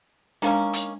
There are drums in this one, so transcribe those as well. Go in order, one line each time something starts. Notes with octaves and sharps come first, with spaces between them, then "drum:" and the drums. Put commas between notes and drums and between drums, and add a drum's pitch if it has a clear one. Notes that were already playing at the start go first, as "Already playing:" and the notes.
D#3 G#3 A#3 C#4 D4 F5
drum: hi-hat